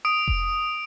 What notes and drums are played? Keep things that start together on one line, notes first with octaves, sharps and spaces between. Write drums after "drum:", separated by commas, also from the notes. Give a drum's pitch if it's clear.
D#6 D7
drum: kick F1